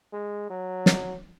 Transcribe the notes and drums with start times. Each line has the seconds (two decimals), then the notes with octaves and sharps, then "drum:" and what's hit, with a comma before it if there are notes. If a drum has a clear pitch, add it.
0.13 G#3
0.50 F#3
0.86 drum: snare